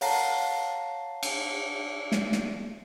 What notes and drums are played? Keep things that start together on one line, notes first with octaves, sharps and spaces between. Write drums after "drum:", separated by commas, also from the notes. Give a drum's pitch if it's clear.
C#5 F5 F#5 A5 A#5 C7, drum: open hi-hat
drum: cymbal
drum: snare
drum: snare